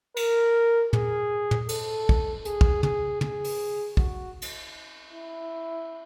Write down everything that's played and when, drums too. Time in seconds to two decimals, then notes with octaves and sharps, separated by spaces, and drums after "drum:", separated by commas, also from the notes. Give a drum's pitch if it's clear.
0.16 A#4, drum: cymbal
0.93 G#4, drum: tom
1.51 drum: tom
1.69 A4, drum: cymbal
2.09 drum: kick
2.45 G#4, drum: hi-hat
2.61 drum: kick
2.83 G#4, drum: tom
3.21 G#4, drum: tom
3.45 drum: open hi-hat
3.97 F#4, drum: kick
4.42 drum: cymbal
5.11 E4